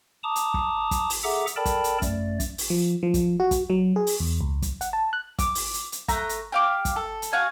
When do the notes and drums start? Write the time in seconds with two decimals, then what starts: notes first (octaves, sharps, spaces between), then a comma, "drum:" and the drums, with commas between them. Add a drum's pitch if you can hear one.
0.23 A5 A#5 D6 D#6
0.36 drum: hi-hat
0.54 drum: kick
0.91 drum: kick, hi-hat
1.10 drum: open hi-hat
1.24 G#4 A4 E5 F#5 A#5 D6
1.47 drum: hi-hat
1.56 A4 A#4 D5 G5 A5 B5
1.65 drum: kick, hi-hat
1.84 drum: hi-hat
2.02 F#2 A3 D5, drum: kick, hi-hat
2.40 drum: kick, hi-hat
2.58 drum: open hi-hat
2.70 F3
3.03 F3
3.14 drum: kick, hi-hat
3.40 F#4
3.51 drum: kick, hi-hat
3.70 F#3
3.96 G#4
4.07 drum: open hi-hat
4.20 E2
4.41 C#2
4.62 drum: kick, hi-hat
4.81 F#5, drum: hi-hat
4.93 A5
5.13 F#6
5.39 D6, drum: kick, hi-hat
5.55 drum: open hi-hat
5.74 drum: hi-hat
5.92 drum: hi-hat
6.08 A3 A#5 F#6, drum: kick, hi-hat
6.29 drum: hi-hat
6.52 G4 F5 D6
6.85 drum: kick, hi-hat
6.96 A4
7.22 drum: hi-hat
7.33 F#4 F5 G#5